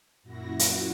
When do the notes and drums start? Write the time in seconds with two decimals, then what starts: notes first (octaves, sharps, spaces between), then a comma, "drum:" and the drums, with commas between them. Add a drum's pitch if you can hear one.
0.23 F#2 A#2 E4 F#4 A#6
0.59 drum: hi-hat